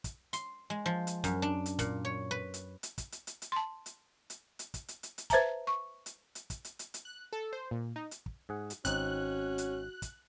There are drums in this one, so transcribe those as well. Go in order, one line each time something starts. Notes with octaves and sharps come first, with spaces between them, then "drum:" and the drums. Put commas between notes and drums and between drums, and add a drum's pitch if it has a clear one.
drum: kick, hi-hat
C6, drum: hi-hat
G#3
F3
drum: hi-hat
F#2, drum: kick, hi-hat
D4
drum: hi-hat
A#2, drum: kick, hi-hat
C#5
B4
drum: hi-hat
drum: hi-hat
drum: kick, hi-hat
drum: hi-hat
drum: hi-hat
drum: hi-hat
A5 C6
drum: hi-hat
drum: hi-hat
drum: hi-hat
drum: kick, hi-hat
drum: hi-hat
drum: hi-hat
drum: hi-hat
B4 C5 E5 A5 A#5, drum: kick, hi-hat
C#6
drum: hi-hat
drum: hi-hat
drum: kick, hi-hat
drum: hi-hat
drum: hi-hat
drum: hi-hat
F#6
A4
C5
A#2
D#4
drum: hi-hat
drum: kick
G#2 G#4 F#5
drum: hi-hat
G#1 C4 C#4 D#4 F#4 F#6, drum: kick, hi-hat
drum: hi-hat
drum: kick, hi-hat